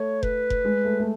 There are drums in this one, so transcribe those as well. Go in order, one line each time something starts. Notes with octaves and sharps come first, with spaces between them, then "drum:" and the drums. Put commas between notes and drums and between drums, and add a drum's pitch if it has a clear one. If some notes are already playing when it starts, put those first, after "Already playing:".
Already playing: A3 C#5
B4, drum: kick F1
drum: kick F1
G#3
A3
A3